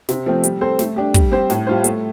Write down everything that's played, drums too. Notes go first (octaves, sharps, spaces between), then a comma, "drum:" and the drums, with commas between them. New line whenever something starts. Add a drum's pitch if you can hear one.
C3, drum: snare
F3 A3 C4
G3, drum: hi-hat
C4 A4 C5
A3, drum: snare
D4 G4
G3, drum: kick, hi-hat
C4 G4 C5
A2, drum: snare
G3 F4 C5
A3, drum: hi-hat